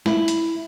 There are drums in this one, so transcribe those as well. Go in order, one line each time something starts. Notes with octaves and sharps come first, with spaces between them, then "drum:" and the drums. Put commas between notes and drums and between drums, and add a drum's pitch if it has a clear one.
E4, drum: snare
drum: hi-hat